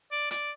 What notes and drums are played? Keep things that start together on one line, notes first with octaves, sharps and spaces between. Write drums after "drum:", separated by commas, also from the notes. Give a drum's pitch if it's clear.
D5
D5, drum: hi-hat